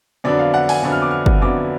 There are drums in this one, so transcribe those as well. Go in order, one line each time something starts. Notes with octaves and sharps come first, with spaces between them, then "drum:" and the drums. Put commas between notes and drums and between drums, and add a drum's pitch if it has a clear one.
F2 D3 F#3 B3 D4 D5
F5
F#5
G#5, drum: open hi-hat
F2 D3 F#3 B3 D4
F6
D6
F6
drum: kick
F2 D3 F#3 B3 D4 D6